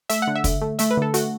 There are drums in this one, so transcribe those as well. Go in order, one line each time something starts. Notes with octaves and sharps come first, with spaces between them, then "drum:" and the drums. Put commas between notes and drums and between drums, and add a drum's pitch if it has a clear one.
A3 E5, drum: hi-hat
F#5
D3
E5
D3, drum: kick, hi-hat
A3
A3 E5, drum: hi-hat
B4
D3 A4
A3 F#4, drum: hi-hat